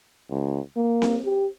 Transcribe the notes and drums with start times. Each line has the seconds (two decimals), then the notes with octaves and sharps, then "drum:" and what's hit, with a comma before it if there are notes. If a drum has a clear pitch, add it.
0.30 C#2
0.76 A#3
1.02 drum: snare C4
1.25 G4